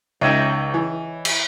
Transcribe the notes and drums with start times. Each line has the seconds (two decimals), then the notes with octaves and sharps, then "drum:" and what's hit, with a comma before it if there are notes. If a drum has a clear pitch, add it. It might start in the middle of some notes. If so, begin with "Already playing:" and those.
0.21 C#2 D#4 C#5 D#5 E5 G5
0.74 E3
1.25 drum: cymbal